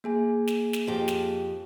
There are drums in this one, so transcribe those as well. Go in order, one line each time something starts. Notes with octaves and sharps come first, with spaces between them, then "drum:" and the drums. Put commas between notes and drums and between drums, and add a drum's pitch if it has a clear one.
A#3 G#4 G#5
drum: snare
drum: snare
F2 G4
drum: snare